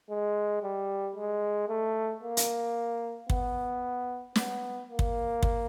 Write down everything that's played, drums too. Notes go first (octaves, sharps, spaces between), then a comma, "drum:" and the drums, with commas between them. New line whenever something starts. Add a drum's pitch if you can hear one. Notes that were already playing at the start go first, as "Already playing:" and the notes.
G#3
G3
G#3
A3
A#3
drum: hi-hat
B3, drum: kick
B3, drum: snare
A#3
drum: kick
drum: kick